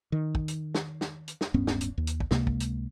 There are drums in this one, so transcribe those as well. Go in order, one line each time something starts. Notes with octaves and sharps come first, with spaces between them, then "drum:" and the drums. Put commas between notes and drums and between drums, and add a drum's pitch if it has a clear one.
D#3
drum: kick
drum: hi-hat
drum: snare
drum: snare
drum: hi-hat
drum: snare
D1 G2 B3 C#4
drum: snare
drum: hi-hat
D#2
drum: hi-hat
drum: kick
C#2 C3 G#3 A#3, drum: snare
drum: kick
drum: hi-hat